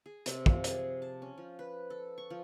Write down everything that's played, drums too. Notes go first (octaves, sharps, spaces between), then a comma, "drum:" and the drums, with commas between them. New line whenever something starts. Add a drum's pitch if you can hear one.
G#4
C3, drum: hi-hat
F3, drum: kick
G#4, drum: hi-hat
A5
C#4
F3
B4
A4
C#6
F3